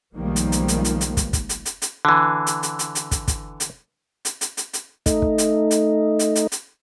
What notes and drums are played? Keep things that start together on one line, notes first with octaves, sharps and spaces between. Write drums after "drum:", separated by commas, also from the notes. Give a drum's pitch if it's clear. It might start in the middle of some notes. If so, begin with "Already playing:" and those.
B1 D#3 F3 G3 G#3 A#3
drum: hi-hat
drum: hi-hat
drum: hi-hat
drum: hi-hat
drum: hi-hat
drum: kick, hi-hat
drum: kick, hi-hat
drum: hi-hat
drum: hi-hat
drum: hi-hat
D3 E3
drum: hi-hat
drum: hi-hat
drum: hi-hat
drum: hi-hat
drum: kick, hi-hat
drum: kick, hi-hat
drum: hi-hat
drum: hi-hat
drum: hi-hat
drum: hi-hat
drum: hi-hat
A3 D#4, drum: kick, hi-hat
drum: kick
drum: hi-hat
drum: hi-hat
drum: hi-hat
drum: hi-hat
drum: hi-hat